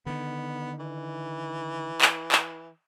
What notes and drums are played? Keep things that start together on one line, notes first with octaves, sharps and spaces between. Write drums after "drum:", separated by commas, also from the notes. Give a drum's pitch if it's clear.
D3 D#3 B3
E3
drum: clap
drum: clap